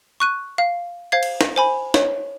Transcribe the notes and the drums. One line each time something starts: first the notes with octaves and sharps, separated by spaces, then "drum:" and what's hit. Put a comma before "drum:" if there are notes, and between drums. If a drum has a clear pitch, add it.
C#6 F#6 D#7
F5
C5 F5 G#6 C7
drum: cymbal
drum: snare
C5 G#5 B5
C#5, drum: snare